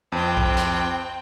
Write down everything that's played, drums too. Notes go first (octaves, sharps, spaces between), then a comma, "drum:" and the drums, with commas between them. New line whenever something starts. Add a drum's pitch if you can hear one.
F2 C4 G5
drum: kick
drum: hi-hat